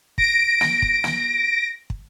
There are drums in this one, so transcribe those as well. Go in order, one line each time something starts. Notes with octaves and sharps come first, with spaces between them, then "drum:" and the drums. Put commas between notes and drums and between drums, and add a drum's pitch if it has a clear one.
A#6 D7, drum: kick
drum: snare
drum: kick
drum: snare
drum: kick